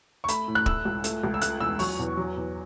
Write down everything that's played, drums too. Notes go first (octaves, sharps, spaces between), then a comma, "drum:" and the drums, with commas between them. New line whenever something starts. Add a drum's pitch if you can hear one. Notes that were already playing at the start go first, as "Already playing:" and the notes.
C#6
A3 B5, drum: hi-hat
A2
F#6
A3 E6, drum: kick
C#2
A3, drum: hi-hat
C#2
E6
A3 F#6, drum: hi-hat
E2 E6
F#3 C#6, drum: open hi-hat
E2
F#3
E2